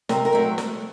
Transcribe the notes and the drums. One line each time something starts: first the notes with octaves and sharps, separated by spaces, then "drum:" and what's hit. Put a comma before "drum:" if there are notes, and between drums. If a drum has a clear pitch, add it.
C3 A#4, drum: snare
A#4
F#3 A3 C4
drum: snare